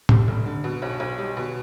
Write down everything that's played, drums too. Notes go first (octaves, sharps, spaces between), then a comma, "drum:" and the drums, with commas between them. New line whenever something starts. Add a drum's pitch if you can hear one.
G3, drum: tom
F1
D3
B2
B1
B1
G3
B2